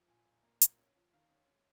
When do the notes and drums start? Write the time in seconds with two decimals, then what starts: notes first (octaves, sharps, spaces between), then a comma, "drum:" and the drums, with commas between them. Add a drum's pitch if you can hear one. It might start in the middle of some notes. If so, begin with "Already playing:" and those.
Already playing: F3
0.08 A#2 G#5
0.25 A#2
0.43 A#3
0.61 A#2, drum: hi-hat
0.78 C#4
0.96 F3
1.13 D#3 F5
1.30 C#4
1.48 C#4